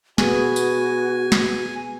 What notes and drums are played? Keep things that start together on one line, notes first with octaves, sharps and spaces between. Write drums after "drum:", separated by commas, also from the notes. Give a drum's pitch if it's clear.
B3 F#4 G#4 G#5, drum: snare
drum: tambourine
drum: snare